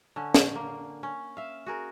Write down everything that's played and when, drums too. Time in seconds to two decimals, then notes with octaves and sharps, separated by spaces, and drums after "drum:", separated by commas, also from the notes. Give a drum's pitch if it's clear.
0.16 D3 C#4
0.34 drum: snare
0.56 A#3
1.03 C#4
1.37 E5 F5
1.66 F#4 G#4 A#4